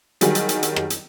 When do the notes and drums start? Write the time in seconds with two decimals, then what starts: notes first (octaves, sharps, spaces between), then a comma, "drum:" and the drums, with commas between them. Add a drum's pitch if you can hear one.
0.21 D#3 F#3 G3 G#4, drum: hi-hat
0.35 drum: hi-hat
0.49 drum: hi-hat
0.63 drum: hi-hat
0.76 drum: rim click
0.90 drum: hi-hat